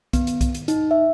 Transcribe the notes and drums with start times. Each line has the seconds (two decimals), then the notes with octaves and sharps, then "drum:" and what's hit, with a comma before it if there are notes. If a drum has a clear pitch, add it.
0.13 B3, drum: kick B1, hi-hat
0.27 drum: hi-hat
0.41 drum: kick B1, hi-hat
0.54 drum: hi-hat
0.68 D#4, drum: hi-hat
0.91 E5